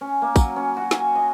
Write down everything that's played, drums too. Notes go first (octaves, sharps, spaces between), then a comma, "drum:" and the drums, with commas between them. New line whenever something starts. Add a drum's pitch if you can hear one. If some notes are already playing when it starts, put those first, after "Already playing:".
C#4
A#3
F#3, drum: kick, tambourine
C#4
F#4
G#5, drum: snare
D#5